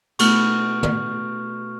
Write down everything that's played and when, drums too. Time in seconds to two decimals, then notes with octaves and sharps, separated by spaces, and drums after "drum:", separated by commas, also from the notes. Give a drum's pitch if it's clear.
0.19 B2 A3 F#4 C#6 F6, drum: cymbal
0.83 drum: tom